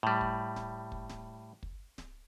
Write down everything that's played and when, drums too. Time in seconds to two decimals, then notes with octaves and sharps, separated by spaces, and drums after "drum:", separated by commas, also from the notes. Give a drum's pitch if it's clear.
0.03 A2 G3
0.21 drum: kick
0.56 drum: snare D1
0.92 drum: kick
1.09 drum: snare D1
1.63 drum: kick
1.98 drum: snare D1